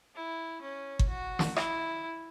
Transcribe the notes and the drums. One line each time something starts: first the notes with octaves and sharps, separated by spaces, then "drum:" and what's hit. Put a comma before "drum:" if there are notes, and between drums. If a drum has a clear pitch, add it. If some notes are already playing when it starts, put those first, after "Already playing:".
E4
C#4
drum: kick G1
F#4
drum: snare
E4, drum: rim click